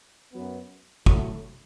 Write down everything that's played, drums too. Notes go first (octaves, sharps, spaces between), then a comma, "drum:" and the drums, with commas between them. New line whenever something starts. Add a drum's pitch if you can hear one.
F#2 F#3 B3
A2 F#3 A3, drum: kick